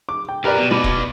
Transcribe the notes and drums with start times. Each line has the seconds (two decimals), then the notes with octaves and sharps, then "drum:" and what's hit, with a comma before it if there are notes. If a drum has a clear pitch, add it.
0.09 D6
0.29 G5
0.44 F2 G4 A#4 B4 D5
0.58 B2
0.71 B2 B4 D5
0.84 drum: kick E1